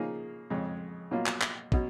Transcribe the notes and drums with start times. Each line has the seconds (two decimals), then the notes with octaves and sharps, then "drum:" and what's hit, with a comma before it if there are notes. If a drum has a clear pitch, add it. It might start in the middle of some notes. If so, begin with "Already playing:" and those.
Already playing: C#3 F3 A#3 D#4 G#4
0.50 F2 C#3 G#3
1.11 B2 F#3 A#3 F4
1.26 drum: clap
1.42 drum: clap
1.72 B2 F#3 C#4, drum: kick